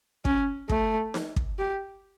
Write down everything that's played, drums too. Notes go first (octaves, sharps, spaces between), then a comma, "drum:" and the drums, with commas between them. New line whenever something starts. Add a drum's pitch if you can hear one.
C#4, drum: kick
A3, drum: kick
drum: snare D#4
drum: kick
G4